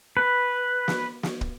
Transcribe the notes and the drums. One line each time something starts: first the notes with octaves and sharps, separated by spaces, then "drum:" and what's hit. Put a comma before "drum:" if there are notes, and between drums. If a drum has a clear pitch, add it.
B4
drum: snare
drum: snare
drum: kick